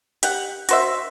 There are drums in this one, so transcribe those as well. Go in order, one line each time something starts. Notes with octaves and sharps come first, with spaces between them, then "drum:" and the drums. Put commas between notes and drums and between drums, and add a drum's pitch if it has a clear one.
G4 F#5, drum: hi-hat
F#4 C5 E5, drum: hi-hat